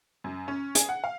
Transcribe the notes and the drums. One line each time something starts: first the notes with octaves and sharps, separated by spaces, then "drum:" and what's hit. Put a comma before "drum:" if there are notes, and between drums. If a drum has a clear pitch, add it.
F#2
C#4
G#4, drum: hi-hat
F#5
F5